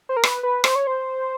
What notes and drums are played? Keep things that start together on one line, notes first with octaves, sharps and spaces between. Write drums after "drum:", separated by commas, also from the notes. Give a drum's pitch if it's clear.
C5
A#4
B4, drum: rim click
B4
C5, drum: rim click
C#5
C5